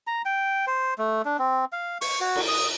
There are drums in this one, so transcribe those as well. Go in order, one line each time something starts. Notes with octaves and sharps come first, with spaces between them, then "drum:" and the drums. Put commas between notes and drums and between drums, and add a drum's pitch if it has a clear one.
A#5
G5
C5
A3
D4
C4
F5
C#6, drum: open hi-hat
F#4
drum: cymbal
D#6